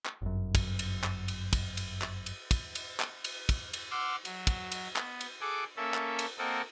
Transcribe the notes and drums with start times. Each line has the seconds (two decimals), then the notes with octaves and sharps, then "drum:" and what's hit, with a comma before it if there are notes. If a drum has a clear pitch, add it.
0.06 drum: clap
0.22 G1 F#2
0.55 drum: kick, cymbal
0.79 drum: cymbal
1.04 drum: clap
1.28 drum: cymbal
1.53 drum: kick, cymbal
1.77 drum: cymbal
2.02 drum: clap
2.26 drum: cymbal
2.51 drum: kick, cymbal
2.75 drum: cymbal
3.00 drum: clap
3.24 drum: cymbal
3.49 drum: kick, cymbal
3.73 drum: cymbal
3.91 F#5 C6 D6 E6 F6
4.25 F#3, drum: cymbal
4.47 drum: kick, cymbal
4.72 drum: cymbal
4.96 B3, drum: clap
5.21 drum: cymbal
5.41 G#4 A4 F#5 G#5 D6
5.77 A#3 C#4 A4 E5
5.94 drum: clap
6.19 drum: cymbal
6.38 A#3 C4 A4 A#4 D#5 F#5